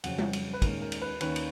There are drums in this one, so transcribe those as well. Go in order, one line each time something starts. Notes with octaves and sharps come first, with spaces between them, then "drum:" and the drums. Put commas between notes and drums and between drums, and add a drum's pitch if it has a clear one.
F2 C#3 F#3 C#4 F#5, drum: cymbal
drum: tom G3
drum: cymbal
B4
D#2 D#3 G#3 C#4 A#4, drum: kick, cymbal
A#4
drum: cymbal
B4
D#2 D#3 A#3 C#4 B4, drum: cymbal
drum: cymbal